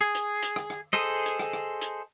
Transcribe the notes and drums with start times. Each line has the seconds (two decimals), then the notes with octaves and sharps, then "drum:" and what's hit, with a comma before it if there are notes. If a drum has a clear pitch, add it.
0.01 G#4
0.15 drum: hi-hat
0.42 drum: hi-hat
0.56 drum: rim click
0.70 drum: rim click
0.93 G#4 A4 C5 D#5
1.26 drum: hi-hat
1.39 drum: rim click
1.53 drum: rim click
1.81 drum: hi-hat